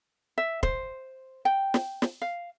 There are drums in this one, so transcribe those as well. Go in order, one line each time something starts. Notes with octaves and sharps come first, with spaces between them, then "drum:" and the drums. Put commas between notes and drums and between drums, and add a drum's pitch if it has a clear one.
E5
C5, drum: kick
G5
drum: snare
drum: snare
F5